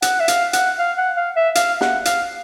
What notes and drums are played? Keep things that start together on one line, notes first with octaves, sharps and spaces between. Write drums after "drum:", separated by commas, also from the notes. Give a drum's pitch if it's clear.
F#5, drum: hi-hat
E5
F5, drum: hi-hat
F#5, drum: hi-hat
F5
F#5
F5
E5
F5, drum: hi-hat
F#5, drum: snare
F5, drum: hi-hat